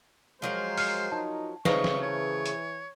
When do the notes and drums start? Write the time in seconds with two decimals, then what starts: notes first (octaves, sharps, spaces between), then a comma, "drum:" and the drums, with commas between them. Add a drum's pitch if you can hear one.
0.42 F3 F#3 G#3 A#4 C5
0.77 F6 C7, drum: open hi-hat
1.12 D#4 A5
1.65 C#3 A3 D#4 B4 C5 A#5 C#6, drum: snare
1.84 drum: snare
2.02 E3 C#5
2.46 drum: hi-hat